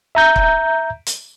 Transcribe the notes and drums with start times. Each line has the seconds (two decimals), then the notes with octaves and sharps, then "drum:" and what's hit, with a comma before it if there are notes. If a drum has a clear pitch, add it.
0.15 E5 A#5 G6
0.36 drum: kick
1.06 drum: hi-hat